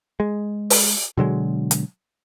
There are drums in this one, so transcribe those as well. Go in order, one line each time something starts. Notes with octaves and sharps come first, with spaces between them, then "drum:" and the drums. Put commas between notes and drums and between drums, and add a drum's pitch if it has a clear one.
G#3
drum: open hi-hat
B2 D3 F#3 G#3
drum: hi-hat